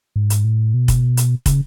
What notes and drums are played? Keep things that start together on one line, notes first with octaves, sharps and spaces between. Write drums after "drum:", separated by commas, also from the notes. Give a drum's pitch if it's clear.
G#2
drum: hi-hat
A2
B2
drum: kick, hi-hat
drum: hi-hat
C#3, drum: kick, hi-hat